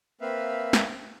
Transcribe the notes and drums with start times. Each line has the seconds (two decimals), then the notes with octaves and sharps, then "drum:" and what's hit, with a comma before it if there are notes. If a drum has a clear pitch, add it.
0.21 A#3 C4 B4 E5 F5
0.73 drum: snare